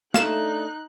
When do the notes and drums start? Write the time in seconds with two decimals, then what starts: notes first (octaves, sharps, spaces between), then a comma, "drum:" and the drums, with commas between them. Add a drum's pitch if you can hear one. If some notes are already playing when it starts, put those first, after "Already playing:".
0.14 A3 D4 D#4 F5 F#6 E7, drum: snare